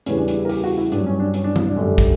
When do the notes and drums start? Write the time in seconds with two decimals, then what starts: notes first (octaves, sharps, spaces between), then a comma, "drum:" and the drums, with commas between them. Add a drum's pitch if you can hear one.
0.06 E2 C#3 E3 G3 C#4, drum: hi-hat
0.17 D4
0.28 D4, drum: hi-hat
0.38 E4
0.45 A#4
0.49 G4, drum: open hi-hat
0.64 F#4
0.77 E4
0.92 G2 F#3 D4, drum: hi-hat
1.06 C#4
1.20 D4
1.34 C#4, drum: hi-hat
1.44 D4
1.56 E4, drum: tom D#3
1.67 D4
1.76 F#2 D3 G3
1.98 drum: kick, hi-hat